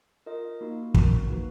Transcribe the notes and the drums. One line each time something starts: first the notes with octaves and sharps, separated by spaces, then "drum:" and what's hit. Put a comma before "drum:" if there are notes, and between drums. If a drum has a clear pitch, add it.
F4 A#4 D#5
A#3 D#4 F#4
C#4 F#4 A#4, drum: kick
A#3 D#4 F#4 B4